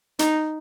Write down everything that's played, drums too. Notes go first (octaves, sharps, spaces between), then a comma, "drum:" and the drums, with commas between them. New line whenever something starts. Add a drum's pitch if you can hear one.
D#4, drum: hi-hat